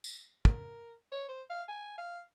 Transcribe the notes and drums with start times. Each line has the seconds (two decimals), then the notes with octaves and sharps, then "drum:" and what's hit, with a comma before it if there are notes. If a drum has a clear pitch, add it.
0.04 drum: tambourine
0.45 A#4, drum: kick
1.12 C#5
1.28 C5
1.50 F5
1.68 G#5
1.98 F5